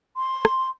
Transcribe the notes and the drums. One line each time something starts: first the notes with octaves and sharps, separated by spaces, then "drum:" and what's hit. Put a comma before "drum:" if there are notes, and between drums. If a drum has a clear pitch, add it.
C6
drum: rim click